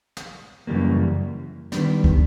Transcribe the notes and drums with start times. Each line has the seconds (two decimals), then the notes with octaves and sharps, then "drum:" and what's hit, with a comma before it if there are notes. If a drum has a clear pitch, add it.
0.17 drum: snare
0.67 F#2 C#3 E3 G3 A#3
1.72 D#3 G3 B3 D4, drum: snare
2.04 drum: kick